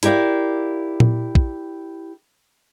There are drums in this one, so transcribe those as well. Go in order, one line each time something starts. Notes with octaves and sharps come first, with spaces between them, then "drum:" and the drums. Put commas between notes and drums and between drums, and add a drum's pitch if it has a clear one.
E4 G4 A#4 D5 F5, drum: hi-hat
drum: tom A#2
drum: kick